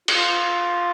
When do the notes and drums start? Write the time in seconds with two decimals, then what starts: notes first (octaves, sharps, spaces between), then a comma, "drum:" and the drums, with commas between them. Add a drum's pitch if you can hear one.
0.08 F4, drum: cymbal